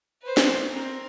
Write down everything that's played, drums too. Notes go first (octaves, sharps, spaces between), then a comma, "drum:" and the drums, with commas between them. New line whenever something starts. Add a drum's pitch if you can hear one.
B4 C5
drum: snare
C4 A#4